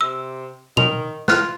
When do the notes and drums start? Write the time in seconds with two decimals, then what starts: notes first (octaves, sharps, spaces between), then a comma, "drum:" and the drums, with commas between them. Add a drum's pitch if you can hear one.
0.01 C3 E6
0.77 D#3 F7, drum: tom A#2
1.28 F4 F6 F#6, drum: snare